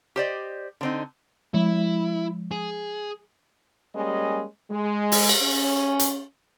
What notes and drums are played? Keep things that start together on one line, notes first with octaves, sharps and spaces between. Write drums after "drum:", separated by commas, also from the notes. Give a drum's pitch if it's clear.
G4 C5 D5 D#5
D3 C4 D#4
F3 G#3 E4
G#4
G3 G#3 A#3 C#4 D#5
G#3
drum: open hi-hat
drum: cymbal
C#4
drum: hi-hat